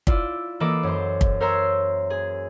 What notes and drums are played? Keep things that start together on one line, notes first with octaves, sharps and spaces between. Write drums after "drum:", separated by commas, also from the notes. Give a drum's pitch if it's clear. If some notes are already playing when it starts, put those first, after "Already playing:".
E4 F4 D5, drum: kick
E3 A#3 A4 D#5 B5 D6
F#2 C5
drum: kick
A#4 C5 C#5 E5 A#5 C6
G#4